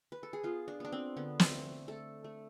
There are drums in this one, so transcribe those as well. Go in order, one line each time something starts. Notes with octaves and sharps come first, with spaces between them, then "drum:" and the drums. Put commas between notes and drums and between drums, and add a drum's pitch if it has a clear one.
B4
A4
G#4
B3 F4
D4
B3 D4
C4
D3 B3
C4, drum: snare
A3
A3 A4
A3